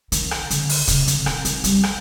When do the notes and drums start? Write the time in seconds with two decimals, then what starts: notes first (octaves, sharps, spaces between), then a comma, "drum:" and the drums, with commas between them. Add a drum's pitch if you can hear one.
0.12 D#3, drum: hi-hat
0.31 drum: rim click
0.50 D3, drum: hi-hat
0.69 drum: open hi-hat
0.88 C#3, drum: kick, hi-hat
1.07 D3, drum: hi-hat
1.26 D#3, drum: rim click
1.45 D#3, drum: hi-hat
1.64 G3, drum: hi-hat
1.83 drum: rim click